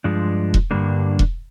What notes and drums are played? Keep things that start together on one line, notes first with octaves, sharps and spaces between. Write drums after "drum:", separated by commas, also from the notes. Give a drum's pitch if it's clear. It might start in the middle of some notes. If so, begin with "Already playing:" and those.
G2 F3 G#3 D4
drum: kick E1
G2 D3 G3 A#3 D4
drum: kick E1